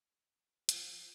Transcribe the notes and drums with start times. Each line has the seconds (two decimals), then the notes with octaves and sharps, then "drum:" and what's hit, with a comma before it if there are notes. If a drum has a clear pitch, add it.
0.69 F3, drum: hi-hat